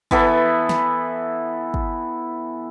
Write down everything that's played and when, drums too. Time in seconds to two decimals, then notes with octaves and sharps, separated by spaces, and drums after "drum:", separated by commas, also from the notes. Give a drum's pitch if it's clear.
0.11 E3 B3 A4, drum: kick
0.69 drum: snare
1.74 drum: kick